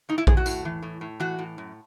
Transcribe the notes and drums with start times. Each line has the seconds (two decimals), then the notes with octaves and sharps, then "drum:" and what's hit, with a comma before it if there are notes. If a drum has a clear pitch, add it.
0.09 A2 D#4
0.18 E4
0.27 A2 G#4, drum: kick A#1
0.37 F#4
0.46 A2, drum: tambourine
0.65 E3
0.83 A2
1.01 A2
1.20 E3 F#4
1.39 A2
1.58 F#2